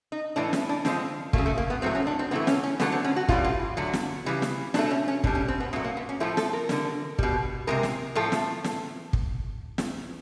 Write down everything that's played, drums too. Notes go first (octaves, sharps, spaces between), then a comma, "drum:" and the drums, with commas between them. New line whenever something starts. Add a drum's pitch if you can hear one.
D#4
A2 E3 A3 D4
C#4, drum: snare
D4
D3 F3 G#3 C4, drum: snare
C#3 F#3 A3 A#3, drum: kick
A3
A#3
B3
A2 F#3 A3 C4
C#4
D4
C4
A2 E3 A3 B3
C#4, drum: snare
C#4
D3 F#3 A3 B3, drum: snare
C4
C#4
F#4
A2 E3 G3 F4, drum: kick
F4
D3 F#3 A3
drum: snare
C#3 E3 G3
drum: snare
B2 F#3 A3 D4, drum: snare
C#4
C#4
B2 G3 D4, drum: kick
C#4
C4
B3
A#2 F#3 A3 B3
A#3
B3
C#4
A2 F3 A3 E4
A4, drum: snare
A#4
D3 G3, drum: snare
B2 G3, drum: kick
C3 F3 G#3 A#4
drum: snare
A2 F3 A3 A4
drum: snare
drum: snare
drum: kick
drum: snare